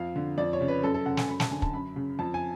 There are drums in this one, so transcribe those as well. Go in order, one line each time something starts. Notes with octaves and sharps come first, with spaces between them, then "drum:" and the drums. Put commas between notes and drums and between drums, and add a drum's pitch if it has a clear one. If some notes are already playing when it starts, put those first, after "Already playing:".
Already playing: F2 F5
D3
F2 D5
C#5
C#3
B4
F#2 A4
A4
C#3 F#5
G#5, drum: snare
F#2 B5
A5, drum: snare
D3 G#5
A5, drum: kick
F#2 B5
C#3
F2 A5
G#5